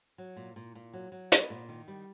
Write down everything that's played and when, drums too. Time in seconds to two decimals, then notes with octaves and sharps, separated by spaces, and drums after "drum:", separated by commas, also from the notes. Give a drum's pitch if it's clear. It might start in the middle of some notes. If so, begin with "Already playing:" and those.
0.18 F#3
0.37 A#2
0.56 A#2
0.75 A#2
0.94 F#3
1.12 F#3
1.32 B3, drum: hi-hat
1.50 A#2
1.69 D#3
1.88 G3